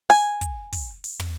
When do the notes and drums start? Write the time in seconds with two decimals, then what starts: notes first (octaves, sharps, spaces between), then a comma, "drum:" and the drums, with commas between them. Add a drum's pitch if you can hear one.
0.10 G#5, drum: open hi-hat
0.41 drum: kick, hi-hat
0.72 drum: kick, open hi-hat
1.04 drum: open hi-hat
1.20 drum: tom